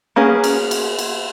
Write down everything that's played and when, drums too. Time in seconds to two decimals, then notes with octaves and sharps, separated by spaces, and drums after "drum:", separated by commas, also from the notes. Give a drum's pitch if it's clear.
0.16 A#3 B3 C#4 G#4
0.44 drum: cymbal
0.71 drum: cymbal
0.99 drum: cymbal